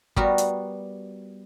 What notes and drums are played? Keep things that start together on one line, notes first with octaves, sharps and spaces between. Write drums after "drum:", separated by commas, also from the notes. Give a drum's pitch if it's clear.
G3 B3 F#4 A#4, drum: kick
drum: hi-hat